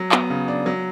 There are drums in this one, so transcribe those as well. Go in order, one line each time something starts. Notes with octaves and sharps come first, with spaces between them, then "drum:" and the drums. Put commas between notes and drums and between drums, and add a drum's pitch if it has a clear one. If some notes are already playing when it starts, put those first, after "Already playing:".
Already playing: F#3
B3, drum: clap
C#3
D4
F#3